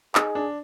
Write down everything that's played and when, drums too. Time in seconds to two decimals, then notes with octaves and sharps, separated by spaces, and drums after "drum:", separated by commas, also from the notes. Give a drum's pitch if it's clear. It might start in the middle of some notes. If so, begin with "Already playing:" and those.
0.15 D#4 G#4, drum: clap
0.35 D4